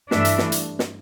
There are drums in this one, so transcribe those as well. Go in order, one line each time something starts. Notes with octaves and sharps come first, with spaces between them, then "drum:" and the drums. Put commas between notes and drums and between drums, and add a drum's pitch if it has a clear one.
G2 E3 A3 D4 E5, drum: snare
drum: hi-hat
drum: snare
drum: hi-hat
drum: snare